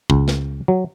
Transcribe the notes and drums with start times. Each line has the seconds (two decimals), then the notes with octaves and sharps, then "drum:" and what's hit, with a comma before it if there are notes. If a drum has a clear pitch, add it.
0.10 C#2, drum: kick
0.28 drum: snare
0.68 F#3